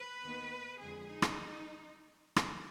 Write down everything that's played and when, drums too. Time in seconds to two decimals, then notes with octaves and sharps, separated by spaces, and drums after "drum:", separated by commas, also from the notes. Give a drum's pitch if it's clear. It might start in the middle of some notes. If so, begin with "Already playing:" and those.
Already playing: B4
0.22 D#2 D#3 B3
0.79 F2 D3 G#3 C4 G#4
1.08 D#4
1.22 drum: rim click
2.36 drum: rim click